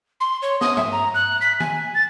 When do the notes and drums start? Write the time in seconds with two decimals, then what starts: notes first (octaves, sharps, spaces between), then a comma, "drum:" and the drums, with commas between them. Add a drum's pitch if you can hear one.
0.21 C6
0.42 C#5
0.61 D#6, drum: snare
0.77 E5, drum: tom
0.92 A#5
1.14 F#6
1.41 B6
1.60 G#5, drum: tom D#3
1.95 A6